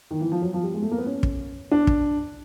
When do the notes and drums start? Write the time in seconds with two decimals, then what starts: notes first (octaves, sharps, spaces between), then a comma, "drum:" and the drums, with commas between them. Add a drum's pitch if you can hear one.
0.11 D#3
0.21 E3
0.32 F3
0.42 F#3
0.54 F3
0.64 G3
0.74 G#3
0.82 A3
0.91 A#3
0.98 B3
1.06 C#4
1.23 drum: kick
1.71 D4
1.87 drum: kick